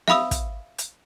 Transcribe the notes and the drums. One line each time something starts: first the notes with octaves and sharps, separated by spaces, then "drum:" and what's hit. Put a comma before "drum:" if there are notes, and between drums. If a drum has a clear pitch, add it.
E5 F5 B5 D#6 E6, drum: snare
drum: kick, hi-hat
drum: hi-hat